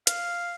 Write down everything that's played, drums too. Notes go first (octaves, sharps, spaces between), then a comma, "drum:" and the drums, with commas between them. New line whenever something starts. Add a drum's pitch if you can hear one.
F5, drum: hi-hat